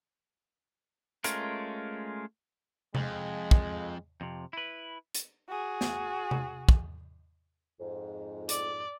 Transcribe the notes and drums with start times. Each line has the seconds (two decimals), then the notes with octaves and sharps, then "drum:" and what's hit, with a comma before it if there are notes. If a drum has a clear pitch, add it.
1.24 G#3 A3 C#4 F4 A#4, drum: hi-hat
2.95 F2 G#3, drum: tom C3
3.51 drum: kick
4.21 F2 C3
4.53 E4 B4
5.15 drum: hi-hat
5.48 F#4 G#4
5.81 drum: snare
6.31 drum: tom C3
6.69 drum: kick
7.80 F2 G#2
8.49 D5, drum: hi-hat